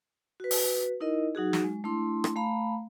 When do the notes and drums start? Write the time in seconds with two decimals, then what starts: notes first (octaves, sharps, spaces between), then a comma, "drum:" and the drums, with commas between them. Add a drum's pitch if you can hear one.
0.40 F#4 B4
0.51 drum: open hi-hat
1.00 D#4 E4 A#4 D#5
1.35 F#3 D#4 F#4 G#4
1.53 drum: snare
1.64 G#3
1.84 A3 D4 E4 C6
2.24 drum: rim click
2.36 A3 F5 A#5 B5